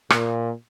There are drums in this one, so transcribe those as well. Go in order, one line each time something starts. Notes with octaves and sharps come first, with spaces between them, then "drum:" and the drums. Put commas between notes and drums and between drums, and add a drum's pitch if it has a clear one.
A#2, drum: rim click